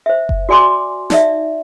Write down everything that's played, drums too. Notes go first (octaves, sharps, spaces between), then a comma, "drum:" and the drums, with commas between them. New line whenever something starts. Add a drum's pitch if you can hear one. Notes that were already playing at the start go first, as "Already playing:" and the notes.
C5 E5
drum: kick F#1
F#4 D5 G#5 C6 D6
D#4 D5 E5, drum: snare